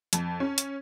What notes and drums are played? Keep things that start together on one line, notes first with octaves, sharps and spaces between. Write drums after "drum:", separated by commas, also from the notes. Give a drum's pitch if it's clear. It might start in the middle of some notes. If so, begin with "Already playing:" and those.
F2, drum: hi-hat
C#4
drum: hi-hat